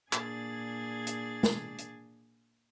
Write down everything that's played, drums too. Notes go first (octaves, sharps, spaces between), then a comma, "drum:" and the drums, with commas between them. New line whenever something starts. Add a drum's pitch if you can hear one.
A#2 D4 G#4 G#5 G#6 A6, drum: clap
drum: hi-hat
drum: snare
drum: hi-hat